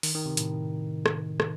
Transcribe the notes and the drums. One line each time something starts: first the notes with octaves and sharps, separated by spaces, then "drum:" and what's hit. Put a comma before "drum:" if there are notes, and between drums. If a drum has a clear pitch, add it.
D#3, drum: open hi-hat
D#3
C3
A2, drum: hi-hat
drum: rim click
drum: rim click